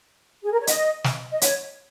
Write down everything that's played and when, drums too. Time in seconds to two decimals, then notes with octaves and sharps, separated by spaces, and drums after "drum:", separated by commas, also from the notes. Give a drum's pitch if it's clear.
0.43 G#4
0.52 A#4
0.59 C#5
0.67 D#5, drum: hi-hat
1.04 drum: snare
1.31 D#5
1.41 C#5, drum: hi-hat